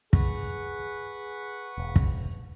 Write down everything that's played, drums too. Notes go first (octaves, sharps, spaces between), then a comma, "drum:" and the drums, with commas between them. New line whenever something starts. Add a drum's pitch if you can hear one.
G#4 B4 F#5 C#6, drum: kick
E1
drum: kick